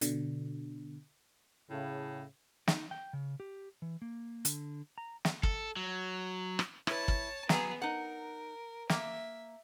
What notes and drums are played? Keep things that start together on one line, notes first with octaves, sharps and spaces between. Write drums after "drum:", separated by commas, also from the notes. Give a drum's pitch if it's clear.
B2 D3, drum: hi-hat
A2 C#3
D#4, drum: snare
G5
C#3
G4
E3
A#3
D3, drum: hi-hat
A#5
drum: snare
A4, drum: kick
F#3
drum: rim click
E4 B4 C#5 A5, drum: rim click
drum: kick
F#3 B3 G#4, drum: snare
D#4 A#4 F#5
A#3 E5, drum: snare